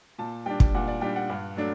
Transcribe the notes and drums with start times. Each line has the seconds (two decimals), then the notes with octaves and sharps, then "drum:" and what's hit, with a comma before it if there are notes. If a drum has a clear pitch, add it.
0.18 A#2 A5
0.46 G3 D4 G5
0.60 drum: kick
0.75 A#2 F#5
0.88 D5
1.01 G3 D4 G5
1.16 F#5
1.29 G2
1.57 F#3 A3 D4